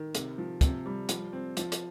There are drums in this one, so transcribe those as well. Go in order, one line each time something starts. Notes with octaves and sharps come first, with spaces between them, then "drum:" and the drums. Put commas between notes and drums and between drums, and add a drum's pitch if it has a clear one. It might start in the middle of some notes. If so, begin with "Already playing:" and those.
Already playing: D#3
C3, drum: hi-hat
F3
C3, drum: kick, hi-hat
G3
F3, drum: hi-hat
C4
F3, drum: hi-hat
drum: hi-hat